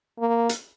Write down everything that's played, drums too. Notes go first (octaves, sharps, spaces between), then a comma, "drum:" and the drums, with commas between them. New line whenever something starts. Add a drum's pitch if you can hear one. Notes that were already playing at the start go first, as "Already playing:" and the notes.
A#3
drum: hi-hat